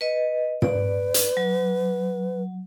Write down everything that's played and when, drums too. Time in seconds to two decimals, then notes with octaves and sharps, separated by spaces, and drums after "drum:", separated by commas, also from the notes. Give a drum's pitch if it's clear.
0.01 B4 D#5
0.62 B4 D5, drum: tom
1.14 drum: hi-hat
1.37 F#3